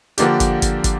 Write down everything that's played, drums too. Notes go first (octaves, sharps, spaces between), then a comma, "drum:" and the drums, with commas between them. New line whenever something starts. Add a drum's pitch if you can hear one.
D3 F3 A#3 D4 G4, drum: hi-hat
drum: kick, hi-hat
drum: kick, hi-hat
drum: kick, hi-hat